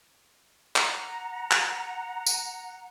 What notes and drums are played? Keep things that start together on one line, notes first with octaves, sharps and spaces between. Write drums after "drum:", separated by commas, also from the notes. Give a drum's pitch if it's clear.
F#5 A#5, drum: clap
drum: clap
drum: tambourine